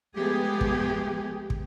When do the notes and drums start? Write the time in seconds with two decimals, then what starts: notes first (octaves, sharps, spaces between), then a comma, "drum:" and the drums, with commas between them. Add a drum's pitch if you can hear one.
0.16 F3 G#3 A3 B3 G4 G#4
0.61 drum: kick
1.50 drum: kick